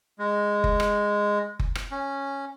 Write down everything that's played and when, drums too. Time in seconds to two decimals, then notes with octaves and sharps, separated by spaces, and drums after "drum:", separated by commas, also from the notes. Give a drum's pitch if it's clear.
0.19 G#3
0.64 drum: kick F#1
0.80 drum: rim click
1.59 drum: kick F#1
1.75 drum: rim click
1.91 C#4